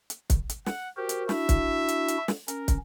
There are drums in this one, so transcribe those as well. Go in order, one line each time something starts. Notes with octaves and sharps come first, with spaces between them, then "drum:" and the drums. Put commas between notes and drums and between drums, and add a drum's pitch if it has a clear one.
drum: hi-hat
drum: kick, hi-hat
drum: hi-hat
F#5, drum: snare
F#4 G4 A#4 C5
drum: hi-hat
D4 E4 F#4 E5, drum: snare
drum: kick, hi-hat
drum: hi-hat
drum: hi-hat
drum: snare
C#4 A#4, drum: hi-hat
drum: kick, hi-hat